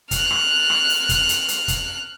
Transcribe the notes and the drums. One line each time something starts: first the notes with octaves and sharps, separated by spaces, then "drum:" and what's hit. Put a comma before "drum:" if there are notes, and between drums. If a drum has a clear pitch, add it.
F6 F#6, drum: kick, hi-hat
drum: rim click
drum: rim click
drum: open hi-hat
drum: kick, hi-hat
drum: hi-hat
drum: hi-hat
drum: kick, hi-hat